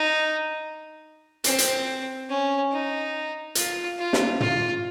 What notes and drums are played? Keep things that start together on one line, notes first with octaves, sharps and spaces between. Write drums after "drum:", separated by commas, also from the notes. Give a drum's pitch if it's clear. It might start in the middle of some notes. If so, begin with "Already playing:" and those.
Already playing: D#4
C4, drum: hi-hat
drum: hi-hat
C#4
D#4
F4, drum: hi-hat
F4
drum: snare
F4, drum: tom